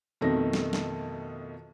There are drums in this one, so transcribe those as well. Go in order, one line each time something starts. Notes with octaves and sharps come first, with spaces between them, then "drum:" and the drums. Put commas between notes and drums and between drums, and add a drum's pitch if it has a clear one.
F2 B2 D#3 A3 A#6
drum: snare
drum: snare